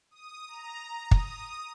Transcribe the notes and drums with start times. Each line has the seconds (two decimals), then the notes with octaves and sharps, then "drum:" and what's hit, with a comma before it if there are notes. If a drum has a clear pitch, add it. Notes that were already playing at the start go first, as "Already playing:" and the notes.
0.11 D#6
0.48 A#5
1.11 D#6, drum: kick